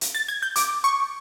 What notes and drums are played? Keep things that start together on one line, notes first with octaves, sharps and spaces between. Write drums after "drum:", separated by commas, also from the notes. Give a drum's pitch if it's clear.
drum: hi-hat
A6
G#6
G6
D6, drum: hi-hat
C#6